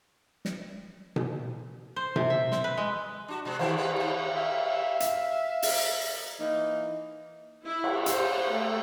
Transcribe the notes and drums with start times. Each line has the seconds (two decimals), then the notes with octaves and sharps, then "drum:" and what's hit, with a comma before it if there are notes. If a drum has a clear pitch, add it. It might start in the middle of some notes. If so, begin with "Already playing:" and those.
0.45 drum: snare
1.16 drum: tom B2
1.96 C5
2.16 C3, drum: tom B2
2.30 E5
2.52 C4, drum: snare
2.64 B4
2.77 G#3
3.28 D4 F#4
3.45 B2 G#3 F#4
3.59 D#3 E4 C5, drum: cymbal
3.77 C4 B4
3.96 D#2 C5
4.35 E5 F5
5.00 drum: hi-hat
5.62 drum: open hi-hat
6.39 E3 A#3 D#4
7.66 E4
7.84 drum: cymbal
8.06 C5, drum: hi-hat
8.51 A3